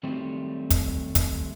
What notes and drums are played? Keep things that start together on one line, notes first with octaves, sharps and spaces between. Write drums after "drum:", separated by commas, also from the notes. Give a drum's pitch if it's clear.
D#3 F#3 G3 A3 C4
drum: kick, hi-hat
drum: kick, hi-hat